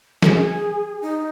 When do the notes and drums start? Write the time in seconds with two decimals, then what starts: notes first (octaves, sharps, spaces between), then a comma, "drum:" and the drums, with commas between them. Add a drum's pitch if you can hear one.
0.22 A#4, drum: snare
0.27 G#4
1.02 D#4